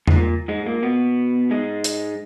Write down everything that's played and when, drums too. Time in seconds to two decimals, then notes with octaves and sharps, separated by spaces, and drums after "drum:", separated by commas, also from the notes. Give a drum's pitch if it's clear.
0.07 G#2, drum: tom E2
0.16 A#2
0.48 G#2 G#3
0.66 A#2 A#3
0.83 B2 B3
1.50 G#2 G#3
1.84 drum: hi-hat